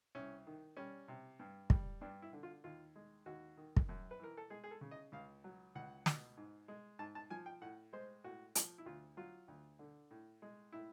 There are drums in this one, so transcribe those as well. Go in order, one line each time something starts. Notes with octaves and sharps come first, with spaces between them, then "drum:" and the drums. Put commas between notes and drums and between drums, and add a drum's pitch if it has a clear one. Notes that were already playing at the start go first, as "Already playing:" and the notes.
C2 C#4
D#3
G3 C#4
C3
G2
G3, drum: kick
G2 D4
E4
D3
F4
D#2 F4
G#3
D#2 F#4
D#3
drum: kick
F#2
B4
E3 A#4
A4
G#3 G#4
G#4
A4
C#3
D#5
C#2 F5
F#3
C#2 F#5
B2, drum: snare
G#2
G#3
G#2 A5
A5
F3 G#5
G5
A2 F#5
G#3 C5
A2 F#4
F3, drum: hi-hat
E4
D2 F4
F#3 F4
D2
D3
A2
G#3
A2 E4